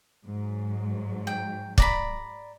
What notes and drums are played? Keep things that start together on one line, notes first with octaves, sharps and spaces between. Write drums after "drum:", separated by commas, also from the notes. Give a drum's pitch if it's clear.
G#2 F#3
G5
D5 A#5 B5, drum: kick